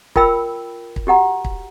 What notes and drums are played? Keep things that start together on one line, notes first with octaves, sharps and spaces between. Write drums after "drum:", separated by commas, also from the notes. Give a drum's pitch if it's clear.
F4 A#4 G5 B5 E6, drum: kick
drum: kick
F#4 G4 F#5 A#5
drum: kick